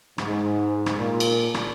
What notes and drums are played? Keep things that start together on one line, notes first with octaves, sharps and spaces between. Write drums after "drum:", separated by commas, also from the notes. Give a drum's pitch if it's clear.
G#2, drum: rim click
drum: rim click
A#2
drum: cymbal
drum: rim click